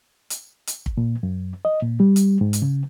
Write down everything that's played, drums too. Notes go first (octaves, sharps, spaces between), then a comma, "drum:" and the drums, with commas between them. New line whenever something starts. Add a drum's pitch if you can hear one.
drum: hi-hat
drum: hi-hat
drum: kick
A#2
F#2
D#5
A#2
G3
drum: hi-hat
G#2
drum: hi-hat
C#3